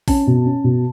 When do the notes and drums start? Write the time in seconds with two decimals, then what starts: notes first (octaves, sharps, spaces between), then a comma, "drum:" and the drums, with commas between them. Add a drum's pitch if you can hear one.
0.08 C#4 A5, drum: kick, open hi-hat
0.27 B2
0.45 C#4
0.64 B2